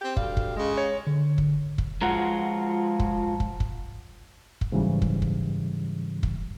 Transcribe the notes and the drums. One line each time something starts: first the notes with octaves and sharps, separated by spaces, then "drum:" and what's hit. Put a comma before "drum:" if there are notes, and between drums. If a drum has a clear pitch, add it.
C4 G4
D2 G3 F5, drum: kick
drum: kick
C#3 G#3
C#5
D3
drum: kick
drum: kick
F3 G#3 F4 F#4 F#5 A#5
drum: kick
drum: kick
drum: kick
drum: kick
G#2 C#3 E3 F#3 G3
drum: kick
drum: kick
drum: kick